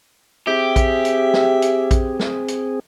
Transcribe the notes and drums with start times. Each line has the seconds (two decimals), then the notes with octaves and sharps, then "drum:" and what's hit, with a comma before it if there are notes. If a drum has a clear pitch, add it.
0.47 C4 G4 G#4 E5
0.76 drum: kick A#1, hi-hat
1.05 drum: hi-hat
1.33 drum: snare
1.62 drum: hi-hat
1.91 drum: kick A#1, hi-hat
2.19 drum: snare
2.48 drum: hi-hat